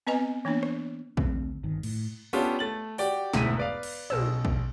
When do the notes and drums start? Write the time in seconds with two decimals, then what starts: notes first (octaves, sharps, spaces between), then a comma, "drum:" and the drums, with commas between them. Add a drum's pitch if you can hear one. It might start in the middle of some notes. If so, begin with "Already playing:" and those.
0.07 B3 C4 B4 D#5 G#5
0.45 E3 A#3 B3 D4
0.63 drum: rim click
1.17 D2 C4, drum: kick A#1
1.63 G1 D#3
1.83 A2, drum: cymbal
2.33 B3 C#4 D4 F4 G4 A4, drum: open hi-hat
2.59 A3 A6 F#7
2.98 F#4 G4 D5 G5, drum: open hi-hat
3.33 E1 D2 G#2 E4 B6 D#7, drum: snare
3.57 B4 D5 F5
3.83 drum: cymbal
4.10 B1 B2 E6, drum: tom
4.45 drum: kick A#1